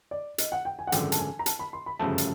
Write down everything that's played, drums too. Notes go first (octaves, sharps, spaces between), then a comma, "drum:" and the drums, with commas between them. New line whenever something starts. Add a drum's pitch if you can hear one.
D5
D#5, drum: hi-hat
F#5
G5
G#5
F#5
G#1 F#2 D3 F3 G5, drum: hi-hat
A5, drum: hi-hat
G#5
A#5
A5, drum: hi-hat
B5
C6
B5
G1 F#2 C#3 F3 A3 A5
drum: hi-hat